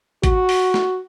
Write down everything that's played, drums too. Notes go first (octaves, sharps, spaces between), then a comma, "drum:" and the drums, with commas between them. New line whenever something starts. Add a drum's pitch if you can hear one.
F#4, drum: kick A1, hi-hat
drum: open hi-hat
drum: snare